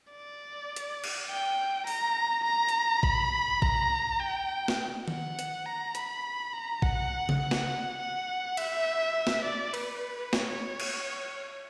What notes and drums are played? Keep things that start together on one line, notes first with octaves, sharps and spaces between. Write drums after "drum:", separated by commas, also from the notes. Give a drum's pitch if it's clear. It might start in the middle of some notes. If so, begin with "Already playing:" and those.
D5
drum: hi-hat
drum: cymbal
G5
A#5, drum: open hi-hat
A#5
drum: hi-hat
B5, drum: kick A1
A#5, drum: kick A1
G5
drum: snare
F#5, drum: tom D#3
drum: hi-hat
A#5
B5, drum: hi-hat
A#5
F#5, drum: kick A1
drum: tom C#3
F#5
drum: snare
F#5
E5, drum: cymbal
drum: snare
D5
B4, drum: cymbal
C#5, drum: snare
drum: cymbal